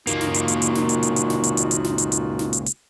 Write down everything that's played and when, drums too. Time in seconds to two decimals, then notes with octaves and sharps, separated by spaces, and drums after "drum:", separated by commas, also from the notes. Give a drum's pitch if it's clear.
0.07 C#2 A#3 D#4 F4 F#4, drum: hi-hat
0.21 drum: snare
0.34 drum: hi-hat
0.48 drum: hi-hat
0.62 drum: hi-hat
0.75 drum: snare
0.89 drum: hi-hat
1.03 drum: hi-hat
1.16 drum: hi-hat
1.30 drum: snare
1.43 drum: hi-hat
1.57 drum: hi-hat
1.71 drum: hi-hat
1.84 drum: snare
1.98 drum: hi-hat
2.12 drum: hi-hat
2.39 drum: snare
2.53 drum: hi-hat
2.66 drum: hi-hat